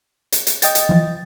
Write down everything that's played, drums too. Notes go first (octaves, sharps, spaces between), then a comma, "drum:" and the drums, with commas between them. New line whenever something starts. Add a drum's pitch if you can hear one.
drum: hi-hat
drum: hi-hat
D#5 G5 A6, drum: hi-hat
drum: hi-hat
E3 F3